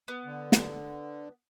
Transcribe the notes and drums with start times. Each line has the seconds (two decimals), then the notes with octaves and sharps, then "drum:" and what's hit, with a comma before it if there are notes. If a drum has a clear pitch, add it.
0.08 B3
0.25 D3
0.52 drum: snare